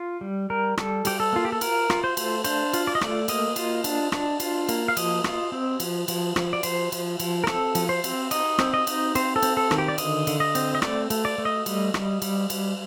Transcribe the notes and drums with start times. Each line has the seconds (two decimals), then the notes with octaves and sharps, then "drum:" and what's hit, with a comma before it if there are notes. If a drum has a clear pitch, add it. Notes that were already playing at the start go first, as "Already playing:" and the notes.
Already playing: F4
0.21 G3
0.50 G3 A#4
0.78 G3 A4, drum: rim click
1.05 G3 G4, drum: cymbal
1.20 A4
1.33 A#3 F4
1.45 G4
1.52 A4
1.61 F4 A#4, drum: cymbal
1.90 F4, drum: rim click
2.04 C5
2.17 A3, drum: cymbal
2.44 D4 C5, drum: cymbal
2.73 F4, drum: cymbal
2.87 D5
2.95 D#5
3.01 A3 D5, drum: rim click
3.28 A#3 D#5, drum: cymbal
3.56 F4, drum: cymbal
3.84 D4, drum: cymbal
4.12 D4, drum: rim click
4.40 F4, drum: cymbal
4.69 A#3, drum: cymbal
4.88 F5
4.97 F3 D#5, drum: cymbal
5.24 F4, drum: rim click
5.52 C4
5.80 F3, drum: cymbal
6.08 F3, drum: cymbal
6.36 F3, drum: rim click
6.53 D5
6.63 F3 C5, drum: cymbal
6.92 F3, drum: cymbal
7.20 F3, drum: cymbal
7.44 A#4
7.47 C4 A4, drum: rim click
7.75 F3, drum: cymbal
7.89 C5
8.04 C4, drum: cymbal
8.31 D#4 D#5, drum: cymbal
8.58 C4, drum: rim click
8.74 D#5
8.87 D#4, drum: cymbal
9.15 C4 C5, drum: cymbal
9.36 A4
9.42 C4, drum: cymbal
9.57 A4
9.71 D#3, drum: rim click
9.78 G4
9.88 D5
9.98 D3 D#5, drum: cymbal
10.27 D3, drum: cymbal
10.40 D#5
10.55 C4, drum: cymbal
10.75 D#5
10.82 A3 D5, drum: rim click
11.10 A3, drum: cymbal
11.25 D5
11.38 A3
11.45 D#5
11.66 G3, drum: cymbal
11.94 G3, drum: rim click
12.22 G3, drum: cymbal
12.50 G3, drum: cymbal